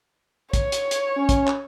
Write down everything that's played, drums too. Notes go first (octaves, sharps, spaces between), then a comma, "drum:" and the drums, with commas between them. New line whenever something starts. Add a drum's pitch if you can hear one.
C#5, drum: kick, hi-hat
drum: hi-hat
drum: hi-hat
C#4
drum: kick, hi-hat
drum: clap